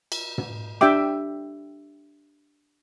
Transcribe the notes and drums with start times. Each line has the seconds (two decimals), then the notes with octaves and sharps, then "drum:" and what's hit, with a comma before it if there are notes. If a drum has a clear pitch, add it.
0.12 drum: cymbal
0.38 drum: tom
0.81 D4 G4 E5 G5 D6, drum: rim click